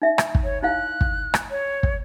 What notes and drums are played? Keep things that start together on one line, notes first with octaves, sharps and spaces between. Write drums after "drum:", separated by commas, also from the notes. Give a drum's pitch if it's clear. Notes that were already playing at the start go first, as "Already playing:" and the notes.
D#4 E5
drum: rim click
drum: kick
C#5
D#4 E4 F5 F#6
drum: kick
drum: rim click
C#5
drum: kick